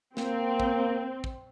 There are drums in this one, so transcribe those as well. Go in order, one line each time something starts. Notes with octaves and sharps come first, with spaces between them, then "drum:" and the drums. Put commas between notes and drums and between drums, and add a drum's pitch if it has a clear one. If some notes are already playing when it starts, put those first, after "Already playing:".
A#3 C4, drum: snare
drum: kick
drum: kick